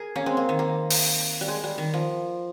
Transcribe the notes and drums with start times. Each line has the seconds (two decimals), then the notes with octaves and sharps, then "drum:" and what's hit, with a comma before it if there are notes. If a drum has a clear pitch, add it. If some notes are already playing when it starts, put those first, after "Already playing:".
Already playing: G#4 A#4
0.16 A#3 C#4
0.26 G#3 C4
0.37 A#3
0.49 D#3
0.59 A#3
0.90 drum: open hi-hat
1.41 G3
1.48 G#3
1.64 G3
1.78 D#3
1.94 F3